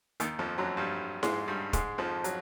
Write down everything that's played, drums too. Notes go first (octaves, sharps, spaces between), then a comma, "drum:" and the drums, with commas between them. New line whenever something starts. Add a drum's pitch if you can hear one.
D#2 D#3, drum: hi-hat
F2 F3
F#2 F#3
G2 G3
G#2 G#3, drum: snare E4
G2 G3
G#2 G#3, drum: kick, hi-hat
F2 F3
F#3, drum: hi-hat